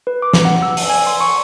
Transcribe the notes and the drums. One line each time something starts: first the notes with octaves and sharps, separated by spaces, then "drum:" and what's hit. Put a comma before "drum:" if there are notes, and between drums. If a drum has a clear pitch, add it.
B4
D6
drum: snare
F#5
E6
drum: open hi-hat
G#5
C6
C#6